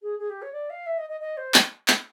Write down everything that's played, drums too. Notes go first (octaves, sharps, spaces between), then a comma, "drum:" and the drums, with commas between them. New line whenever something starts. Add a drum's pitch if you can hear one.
G#4
G#4
G4
C#5
D5
F5
E5
D#5
D#5
D#5
C5
drum: clap
drum: clap